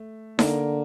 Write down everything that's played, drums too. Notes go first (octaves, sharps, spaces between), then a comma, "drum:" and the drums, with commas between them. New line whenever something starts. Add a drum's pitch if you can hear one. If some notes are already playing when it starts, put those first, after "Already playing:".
Already playing: A3
D3 A#3, drum: snare D#4